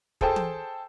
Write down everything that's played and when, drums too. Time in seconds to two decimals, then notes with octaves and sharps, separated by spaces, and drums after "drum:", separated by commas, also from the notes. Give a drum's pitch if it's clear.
0.21 G#4 A4 C5 G5 A5, drum: kick
0.36 drum: tom